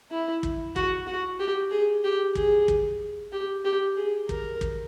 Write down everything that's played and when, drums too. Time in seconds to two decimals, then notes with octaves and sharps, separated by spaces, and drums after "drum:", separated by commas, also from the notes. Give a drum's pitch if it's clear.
0.11 E4
0.43 drum: kick
0.76 F#4, drum: kick
1.07 F#4
1.40 G4
1.72 G#4
2.05 G4
2.36 G#4, drum: kick
2.68 drum: kick
3.33 G4
3.65 G4
3.97 G#4
4.29 A#4, drum: kick
4.61 drum: kick